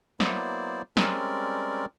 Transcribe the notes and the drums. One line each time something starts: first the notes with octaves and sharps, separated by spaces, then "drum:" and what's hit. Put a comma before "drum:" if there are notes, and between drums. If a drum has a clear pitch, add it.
F#3 A#3 B3 E4 C5 D5, drum: snare
G3 G#3 C4 C#4 A#4 D5, drum: snare